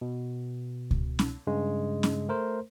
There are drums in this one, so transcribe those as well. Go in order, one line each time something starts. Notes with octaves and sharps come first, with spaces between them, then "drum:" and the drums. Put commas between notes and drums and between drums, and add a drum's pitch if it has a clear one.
B2
drum: kick C#2
drum: snare
G2 C#3 G#3
drum: snare
A3 A#4 C5